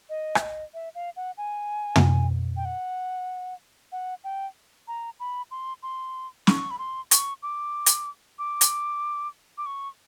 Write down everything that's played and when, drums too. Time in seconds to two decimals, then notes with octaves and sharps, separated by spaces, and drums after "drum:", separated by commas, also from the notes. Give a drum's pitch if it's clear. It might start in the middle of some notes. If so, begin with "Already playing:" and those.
0.10 D#5
0.35 E5, drum: rim click
0.42 D#5
0.74 E5
0.95 F5
1.16 F#5
1.37 G#5
1.96 drum: tom
2.56 G5
2.65 F#5
3.92 F#5
4.24 G5
4.88 A#5
5.20 B5
5.51 C6
5.83 C6
6.47 C#6, drum: snare
6.71 B5
6.79 C6
7.11 C#6, drum: hi-hat
7.43 D6
7.86 drum: hi-hat
8.39 D6
8.61 drum: hi-hat
9.58 D6
9.66 C#6